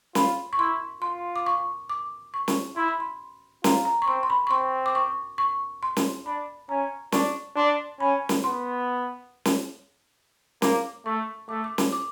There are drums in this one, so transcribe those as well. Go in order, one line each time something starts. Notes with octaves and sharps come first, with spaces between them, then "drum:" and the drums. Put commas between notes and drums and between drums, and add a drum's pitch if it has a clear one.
F4 B5, drum: snare
C#6
E4 C6
F4 C6
D6
C#6
D6
C#6
drum: snare
E4 C6
B5
C6
F4 A#5, drum: snare
A#5
C#6
C4 C6
C6
B5
C#6
C4 C6
D6
C#6
C#6
C6
drum: snare
D4 B5
C#4 A#5
D4 C#6, drum: snare
D4 C6
C#4 B5
drum: snare
B3 C6
drum: snare
A#3 D6, drum: snare
A3 C#6
A3 D6
D6
drum: snare
D6